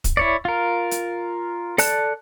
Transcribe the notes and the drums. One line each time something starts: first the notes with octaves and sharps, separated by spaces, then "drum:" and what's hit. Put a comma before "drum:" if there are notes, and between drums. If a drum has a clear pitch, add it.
drum: kick, hi-hat
E4 C#5 D5
F4 A#4
drum: hi-hat
A4 D5 A5 F#6, drum: open hi-hat